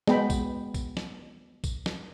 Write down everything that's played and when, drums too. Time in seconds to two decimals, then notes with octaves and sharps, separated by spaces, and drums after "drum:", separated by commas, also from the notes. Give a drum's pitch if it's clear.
0.08 G#3 B3 G5 B5, drum: snare
0.30 drum: kick A#1, tambourine
0.74 drum: kick A#1, tambourine
0.97 drum: snare
1.64 drum: kick A#1, tambourine
1.86 drum: snare